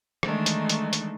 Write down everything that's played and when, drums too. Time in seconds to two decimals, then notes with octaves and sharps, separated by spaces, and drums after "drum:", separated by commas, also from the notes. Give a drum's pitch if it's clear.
0.23 D#3 E3 G#3 A3 D4 D#4, drum: rim click
0.46 drum: hi-hat
0.69 drum: hi-hat
0.93 drum: hi-hat